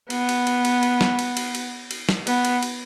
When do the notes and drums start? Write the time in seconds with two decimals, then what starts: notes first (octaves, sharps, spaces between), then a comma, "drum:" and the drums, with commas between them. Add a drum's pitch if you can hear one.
0.10 B3, drum: cymbal
0.29 drum: cymbal
0.47 drum: cymbal
0.65 drum: cymbal
0.83 drum: cymbal
1.01 drum: snare
1.19 drum: cymbal
1.37 drum: cymbal
1.55 drum: cymbal
1.91 drum: cymbal
2.09 drum: snare
2.27 B3, drum: cymbal
2.45 drum: cymbal
2.63 drum: cymbal